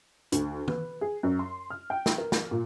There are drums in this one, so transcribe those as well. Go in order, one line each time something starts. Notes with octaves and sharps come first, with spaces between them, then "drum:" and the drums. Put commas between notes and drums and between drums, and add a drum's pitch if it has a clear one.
D2, drum: hi-hat
B4, drum: tom
G#4
F#2
C6
F6
G5
drum: snare
A#4
drum: snare
A#2